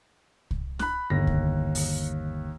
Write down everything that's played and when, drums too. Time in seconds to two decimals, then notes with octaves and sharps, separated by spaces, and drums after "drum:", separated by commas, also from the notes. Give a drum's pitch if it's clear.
0.51 drum: kick C2
0.79 B5 F#6, drum: snare
1.10 G1 D#2 A#6
1.27 drum: kick C2
1.75 drum: open hi-hat